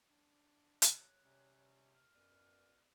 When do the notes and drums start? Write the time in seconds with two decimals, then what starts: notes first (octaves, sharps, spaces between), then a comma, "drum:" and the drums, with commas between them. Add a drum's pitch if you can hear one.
0.09 D4
0.82 C#5 F#6, drum: hi-hat
1.22 C3 G3 C#4
1.95 F6
2.14 F#2 B2 B4 D5